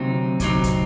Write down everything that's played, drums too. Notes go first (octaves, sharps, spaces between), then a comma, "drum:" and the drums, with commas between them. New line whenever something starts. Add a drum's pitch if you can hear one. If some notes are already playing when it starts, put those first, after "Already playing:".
Already playing: D2 C3 F#3 C4 D#4
D2 C3 F#3 C4 D#4, drum: kick, hi-hat
drum: kick, hi-hat